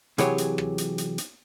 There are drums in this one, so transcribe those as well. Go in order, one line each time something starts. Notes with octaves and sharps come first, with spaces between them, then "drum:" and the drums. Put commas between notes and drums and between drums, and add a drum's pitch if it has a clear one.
C3 E3 F#3 G4 G#4 C#5, drum: hi-hat
drum: hi-hat
drum: rim click
drum: hi-hat
drum: hi-hat
drum: hi-hat